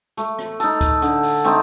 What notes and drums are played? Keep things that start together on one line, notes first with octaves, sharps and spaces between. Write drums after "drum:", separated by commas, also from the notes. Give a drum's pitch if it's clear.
A3, drum: hi-hat
drum: rim click
D#4 A4, drum: hi-hat
drum: kick C#2, hi-hat
D3, drum: hi-hat
drum: open hi-hat
A3 C4 D#4, drum: hi-hat